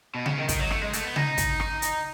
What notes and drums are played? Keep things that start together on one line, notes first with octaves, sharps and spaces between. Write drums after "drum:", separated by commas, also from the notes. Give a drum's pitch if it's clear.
B2
C#3, drum: tom C#3
D#3
D#3, drum: kick, hi-hat
F#3
A3, drum: rim click
G#3
A3, drum: hi-hat
B3
D#4, drum: tom C#3
drum: kick, hi-hat
drum: rim click
drum: hi-hat